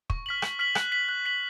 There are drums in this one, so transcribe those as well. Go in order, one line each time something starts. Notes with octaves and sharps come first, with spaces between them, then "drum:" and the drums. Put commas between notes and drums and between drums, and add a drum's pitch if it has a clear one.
C#6, drum: kick
F6 B6 F#7
C#6, drum: rim click
F6 B6 F#7
F#6, drum: rim click
B6 F#7
F#6
B6 F#7